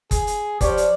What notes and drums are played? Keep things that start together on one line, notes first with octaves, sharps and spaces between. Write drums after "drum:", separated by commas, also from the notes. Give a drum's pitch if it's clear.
G#4, drum: kick F#1, hi-hat
drum: hi-hat
F3 G4 C#5 D5, drum: kick F#1, hi-hat
drum: hi-hat